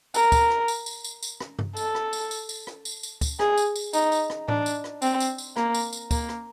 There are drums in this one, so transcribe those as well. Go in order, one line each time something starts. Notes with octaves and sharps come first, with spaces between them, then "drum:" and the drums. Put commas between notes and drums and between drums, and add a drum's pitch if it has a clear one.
A#4, drum: tambourine
drum: kick, tambourine
drum: rim click
drum: tambourine
drum: tambourine
drum: tambourine
drum: tambourine
drum: rim click
drum: tom G2
A4, drum: tambourine
drum: rim click
drum: tambourine
drum: tambourine
drum: tambourine
drum: rim click
drum: tambourine
drum: tambourine
drum: kick, tambourine
G#4, drum: rim click
drum: tambourine
drum: tambourine
D#4, drum: tambourine
drum: tambourine
drum: rim click
D4, drum: tom A2
drum: tambourine
drum: rim click
C4, drum: tambourine
drum: tambourine
drum: tambourine
A#3, drum: rim click
drum: tambourine
drum: tambourine
A#3, drum: kick, tambourine
drum: rim click